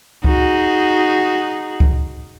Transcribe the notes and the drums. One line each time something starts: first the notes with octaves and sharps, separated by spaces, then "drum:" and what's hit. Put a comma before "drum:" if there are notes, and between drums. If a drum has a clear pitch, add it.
D#4 F#4 G#4, drum: kick C#2
drum: kick C#2